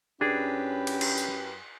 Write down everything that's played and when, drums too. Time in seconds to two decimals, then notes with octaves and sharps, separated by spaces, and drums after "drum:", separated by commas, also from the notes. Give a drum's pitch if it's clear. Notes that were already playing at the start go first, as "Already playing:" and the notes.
0.21 F#2 C#4 D4 E4 G4 G#4 B4
0.87 drum: cymbal
1.01 drum: cymbal
1.18 drum: tambourine